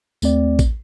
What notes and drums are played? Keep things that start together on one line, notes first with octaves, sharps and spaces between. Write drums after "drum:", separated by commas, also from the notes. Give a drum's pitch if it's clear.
D#2 A3 C4 D5, drum: tambourine
drum: kick A1, tambourine